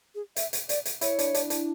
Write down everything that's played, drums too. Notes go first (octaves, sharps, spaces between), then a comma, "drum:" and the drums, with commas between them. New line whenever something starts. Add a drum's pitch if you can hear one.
G#4
E5, drum: hi-hat
drum: hi-hat
D5, drum: hi-hat
drum: hi-hat
E4 C#5, drum: hi-hat
D4, drum: hi-hat
D4, drum: hi-hat
D4, drum: hi-hat